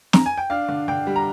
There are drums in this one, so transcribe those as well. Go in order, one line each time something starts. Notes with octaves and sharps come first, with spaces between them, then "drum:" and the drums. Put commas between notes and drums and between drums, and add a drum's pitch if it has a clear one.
A#5, drum: snare
G#5
G5
D4 F5
D3
D3 G5
G3
A#5